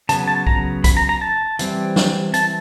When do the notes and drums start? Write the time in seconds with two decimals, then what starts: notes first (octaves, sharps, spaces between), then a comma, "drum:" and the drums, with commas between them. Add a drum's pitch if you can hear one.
0.09 C#3 F#3 B3 A5, drum: hi-hat
0.28 A5
0.47 A#5, drum: kick
0.84 B5, drum: kick, hi-hat
0.97 A#5
1.09 A#5
1.21 A5
1.59 E3 G3 C4, drum: hi-hat
1.96 drum: snare
2.34 A5, drum: hi-hat